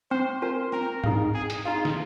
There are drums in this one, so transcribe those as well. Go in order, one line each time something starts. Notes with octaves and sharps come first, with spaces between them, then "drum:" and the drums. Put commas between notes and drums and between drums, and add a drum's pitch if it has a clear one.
C4 C5
F4 A#4 C5 G#5
C4 A#4
D#4 G#4 F5, drum: tom G#2
C4 G#4
drum: hi-hat
D#4 F4 G#4 F5
drum: snare